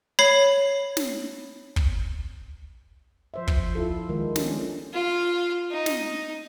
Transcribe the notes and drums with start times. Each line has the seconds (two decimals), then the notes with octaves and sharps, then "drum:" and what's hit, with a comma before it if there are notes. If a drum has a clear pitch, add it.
0.19 C#5 B5 G#6 C7
0.97 drum: snare
1.76 drum: kick
3.34 F3 C5 E5
3.47 drum: kick
3.75 E4 F4 A4
4.09 D#3 G#3
4.36 C#4 D4 G4, drum: snare
4.94 F4
5.71 D#4
5.86 drum: snare